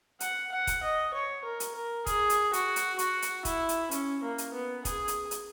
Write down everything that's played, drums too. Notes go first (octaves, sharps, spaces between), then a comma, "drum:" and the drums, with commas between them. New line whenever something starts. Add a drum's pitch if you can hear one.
F#5, drum: hi-hat
F#5
drum: kick E1, hi-hat
D#5
C#5
A#4
drum: hi-hat
A#4
G#4, drum: kick E1, hi-hat
drum: hi-hat
F#4, drum: hi-hat
drum: hi-hat
F#4, drum: hi-hat
drum: hi-hat
E4, drum: kick E1, hi-hat
drum: hi-hat
C#4, drum: hi-hat
A#3
drum: hi-hat
B3
G#4, drum: kick E1, hi-hat
drum: hi-hat
drum: hi-hat